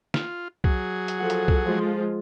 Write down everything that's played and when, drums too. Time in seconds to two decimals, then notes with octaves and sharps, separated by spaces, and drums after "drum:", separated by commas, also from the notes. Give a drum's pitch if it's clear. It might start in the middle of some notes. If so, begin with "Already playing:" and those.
0.14 F4, drum: snare
0.64 F#3 G#4, drum: kick B1
1.08 drum: hi-hat
1.18 F3 A4 F#5
1.30 drum: hi-hat
1.48 drum: kick B1
1.63 F3 G#3 F4